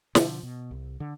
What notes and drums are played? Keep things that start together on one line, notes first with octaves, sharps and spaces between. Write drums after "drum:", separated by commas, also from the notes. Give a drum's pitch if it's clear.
B2 D3 F3, drum: snare
B2
C2
D3